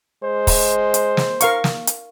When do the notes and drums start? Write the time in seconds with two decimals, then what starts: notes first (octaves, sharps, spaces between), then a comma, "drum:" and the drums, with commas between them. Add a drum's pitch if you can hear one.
0.23 G#3 C5
0.47 drum: kick, open hi-hat
0.94 drum: hi-hat
1.17 drum: snare
1.41 A#4 F5 C#6, drum: hi-hat
1.64 drum: snare
1.87 drum: hi-hat